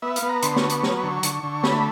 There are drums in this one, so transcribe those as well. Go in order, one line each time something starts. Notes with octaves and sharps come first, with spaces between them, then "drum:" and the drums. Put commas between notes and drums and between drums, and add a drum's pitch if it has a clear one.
B3 E5
F5, drum: hi-hat
B3
A#5
D3 C6, drum: hi-hat
C#6, drum: snare
B3
C#6, drum: hi-hat
F#3, drum: snare
D3
D3, drum: hi-hat
D3
A3 B5, drum: snare